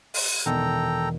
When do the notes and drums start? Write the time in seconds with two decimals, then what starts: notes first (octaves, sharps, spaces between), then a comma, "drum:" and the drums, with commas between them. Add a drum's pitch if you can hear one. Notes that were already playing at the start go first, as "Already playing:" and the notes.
0.14 drum: open hi-hat
0.46 E2 B2 D#3 A4 G5 A#5